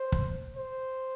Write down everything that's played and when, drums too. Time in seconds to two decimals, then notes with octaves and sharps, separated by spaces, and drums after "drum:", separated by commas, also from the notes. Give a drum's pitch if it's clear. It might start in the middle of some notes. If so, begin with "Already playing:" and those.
Already playing: C5
0.12 drum: kick
0.56 C5